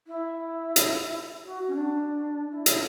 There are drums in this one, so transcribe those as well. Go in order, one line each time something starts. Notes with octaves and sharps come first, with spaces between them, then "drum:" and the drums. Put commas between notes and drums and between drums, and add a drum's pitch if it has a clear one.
E4
drum: hi-hat
F#4
C#4
D4
E4
E4, drum: hi-hat